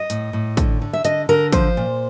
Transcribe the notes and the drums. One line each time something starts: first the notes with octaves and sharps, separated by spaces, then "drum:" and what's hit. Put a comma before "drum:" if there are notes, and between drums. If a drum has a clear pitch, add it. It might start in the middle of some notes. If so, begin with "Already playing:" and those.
Already playing: D#5
A2, drum: hi-hat
A2
D3, drum: kick, hi-hat
D3
E5
D3 D#5, drum: hi-hat
D3 A#4
F3 C5, drum: kick, hi-hat
A#2